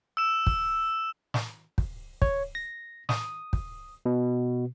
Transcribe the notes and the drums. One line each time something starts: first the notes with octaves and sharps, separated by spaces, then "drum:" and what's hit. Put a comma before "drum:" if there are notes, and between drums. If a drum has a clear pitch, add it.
E6 E7
drum: kick
drum: snare
drum: kick
C#5, drum: kick
A#6
D#6, drum: snare
drum: kick
B2